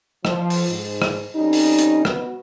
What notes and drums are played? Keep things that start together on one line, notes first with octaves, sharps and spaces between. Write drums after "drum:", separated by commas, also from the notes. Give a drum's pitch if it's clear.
F3, drum: rim click
drum: open hi-hat
G#2
drum: rim click
F2 G3 C#4 D#4
drum: open hi-hat
drum: hi-hat
B3 F#4 B4, drum: rim click